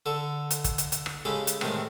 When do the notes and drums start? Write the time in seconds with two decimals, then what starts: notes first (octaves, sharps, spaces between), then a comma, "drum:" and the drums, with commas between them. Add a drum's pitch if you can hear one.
0.06 D3 A4 C#6
0.51 drum: hi-hat
0.64 drum: kick, hi-hat
0.78 drum: hi-hat
0.92 drum: hi-hat
1.06 drum: rim click
1.25 C#3 G#3 G4 A4 B5
1.47 drum: hi-hat
1.61 A2 C3 D#3 G#3, drum: rim click